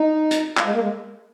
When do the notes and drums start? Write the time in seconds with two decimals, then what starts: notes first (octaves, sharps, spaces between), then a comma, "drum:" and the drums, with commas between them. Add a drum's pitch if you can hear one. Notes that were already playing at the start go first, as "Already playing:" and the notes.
Already playing: D#4
0.31 drum: hi-hat
0.57 F4, drum: clap
0.65 G#3
0.74 A#3
0.82 G#3